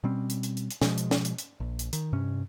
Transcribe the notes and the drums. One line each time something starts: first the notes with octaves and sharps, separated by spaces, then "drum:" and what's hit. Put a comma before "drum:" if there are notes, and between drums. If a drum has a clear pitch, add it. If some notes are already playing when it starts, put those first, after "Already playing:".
B2 G3 C4 C#4
drum: hi-hat
drum: hi-hat
drum: hi-hat
drum: hi-hat
B2 F3 G#3, drum: snare
drum: hi-hat
drum: snare
drum: hi-hat
drum: hi-hat
A#1
drum: hi-hat
D#3, drum: hi-hat
G2 C3 C#4